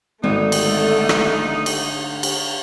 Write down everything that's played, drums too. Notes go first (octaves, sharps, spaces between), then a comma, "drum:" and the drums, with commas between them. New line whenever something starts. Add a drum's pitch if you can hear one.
G#1 D3 A3 D#4
drum: cymbal
drum: rim click
drum: cymbal
drum: cymbal